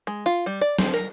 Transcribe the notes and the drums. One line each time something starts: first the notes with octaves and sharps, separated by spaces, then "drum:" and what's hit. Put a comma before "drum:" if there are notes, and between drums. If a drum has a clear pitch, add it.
G#3
F4
G3
D5
C4, drum: snare
A#4